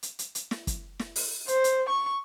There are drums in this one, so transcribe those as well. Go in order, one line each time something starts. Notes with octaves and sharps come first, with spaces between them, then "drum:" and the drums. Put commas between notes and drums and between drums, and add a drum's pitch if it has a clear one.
drum: hi-hat
drum: hi-hat
drum: hi-hat
drum: snare
drum: kick, hi-hat
drum: snare
drum: open hi-hat
C5, drum: hi-hat
drum: hi-hat
C#6